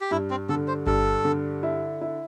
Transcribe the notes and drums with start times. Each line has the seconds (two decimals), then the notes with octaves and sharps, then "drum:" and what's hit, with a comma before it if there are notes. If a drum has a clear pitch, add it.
0.01 G4
0.11 G2 E4
0.30 C4
0.49 D3 A4
0.68 C5
0.86 G2 A4, drum: kick G1
1.25 D3
1.63 E4
2.01 E4